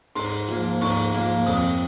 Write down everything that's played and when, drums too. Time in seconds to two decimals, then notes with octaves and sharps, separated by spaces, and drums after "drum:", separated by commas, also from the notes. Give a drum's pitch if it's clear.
0.15 G#2 C6, drum: open hi-hat
0.48 F3 A#3, drum: hi-hat
0.81 G#2 C#6, drum: open hi-hat
1.14 F3 A#3, drum: hi-hat
1.46 F2 D#6, drum: open hi-hat